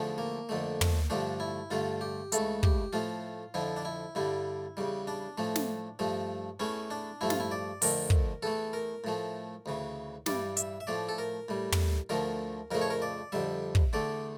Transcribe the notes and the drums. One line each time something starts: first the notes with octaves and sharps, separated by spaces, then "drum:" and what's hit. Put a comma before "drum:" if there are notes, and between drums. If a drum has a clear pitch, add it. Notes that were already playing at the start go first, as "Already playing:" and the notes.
Already playing: E2 D3 F3 A3
A#3
F2 D3 A3
drum: tom
G2 D3 F3 A3 D4
E4
G2 D3 A3 F4
G4
C#2 C#3 E3 A3 A4, drum: hi-hat
G4, drum: kick
A2 F3 A3 F4
F2 D3 F3 E4
D4
E4
G2 D3 G3 E4
E2 C#3 G3
D4
A2 F3 A3
drum: snare
G2 F3 A3
E2 E3 A3 C#4
D4
G2 F3 A3 E4
F4, drum: snare
E4
D5
F2 D3 A3 A#4, drum: open hi-hat
drum: kick
E2 E3 A3 A4
A#4
A2 F3 A3
D2 C#3 E3
G2 E3 G3 D5, drum: snare
E5, drum: hi-hat
E5
A2 F3 A3 D5
A4
A#4
A2 G3
drum: tom
D2 D3 F3 A3 A#4
F2 C#3 F3 A3 A#4
C#5
A#4
D5
F2 D3 G3 E5
drum: kick
E2 D3 A3 D5